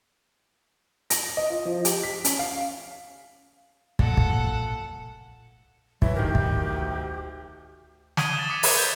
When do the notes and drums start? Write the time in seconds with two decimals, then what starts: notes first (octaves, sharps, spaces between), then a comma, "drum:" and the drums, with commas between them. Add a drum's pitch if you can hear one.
1.10 A#6, drum: hi-hat
1.37 D#5
1.50 F4
1.65 F3
1.85 G4, drum: hi-hat
2.03 B6
2.25 C#4, drum: hi-hat
2.39 F5
3.99 A#2 A4 F#5, drum: kick
4.17 drum: kick
6.02 E3 F#3 E4 E5, drum: kick
6.16 D2 D#3 G4 A#4
6.35 drum: kick
8.17 D#6 G#6 D#7 G7, drum: snare
8.36 A6 E7
8.49 D6 D#6 B6 C#7
8.63 G#6 C7, drum: open hi-hat
8.78 G6